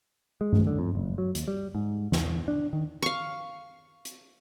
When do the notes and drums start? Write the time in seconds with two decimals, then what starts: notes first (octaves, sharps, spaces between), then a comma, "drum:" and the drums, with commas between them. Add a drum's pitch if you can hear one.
0.41 G#3
0.53 drum: tom G2
0.67 D3
0.79 F2
0.95 F#1
1.18 F#3
1.35 D#2, drum: hi-hat
1.48 G3
1.75 G#2
2.12 E2, drum: snare
2.48 D4
2.73 D#3
3.02 F5 C#6
4.05 drum: hi-hat